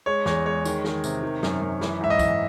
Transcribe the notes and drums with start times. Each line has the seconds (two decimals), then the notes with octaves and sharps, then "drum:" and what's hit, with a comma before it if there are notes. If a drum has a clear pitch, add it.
0.06 G#3 C#5
0.26 E2 C#5, drum: snare
0.45 G#3 C#5
0.65 D#3, drum: tambourine
0.85 D#3, drum: snare
1.04 C3, drum: tambourine
1.23 D#3
1.43 F#2, drum: snare
1.62 F#2
1.81 E3, drum: snare
2.01 G#2 E5
2.10 D#5
2.19 E3, drum: kick, tambourine